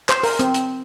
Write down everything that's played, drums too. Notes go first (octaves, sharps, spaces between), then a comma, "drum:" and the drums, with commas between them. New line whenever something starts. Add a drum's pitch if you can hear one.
C5, drum: clap
A#4, drum: open hi-hat
C4, drum: hi-hat
drum: hi-hat